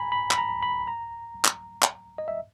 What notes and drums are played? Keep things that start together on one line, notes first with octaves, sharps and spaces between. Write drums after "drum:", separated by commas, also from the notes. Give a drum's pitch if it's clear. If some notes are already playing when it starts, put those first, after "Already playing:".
Already playing: G#5 A#5 B5
B5
B5, drum: clap
A#5
B5
A#5
drum: clap
drum: clap
D#5
E5